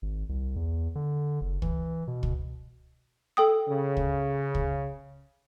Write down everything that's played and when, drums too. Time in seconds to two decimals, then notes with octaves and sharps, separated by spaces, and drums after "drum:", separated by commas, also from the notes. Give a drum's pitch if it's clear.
0.02 G#1
0.29 C2
0.56 E2
0.95 D3
1.41 F#1
1.62 E3, drum: kick
2.07 B2
2.23 drum: kick
3.37 A4 G5 D#6
3.68 C#3
3.97 drum: kick
4.55 drum: kick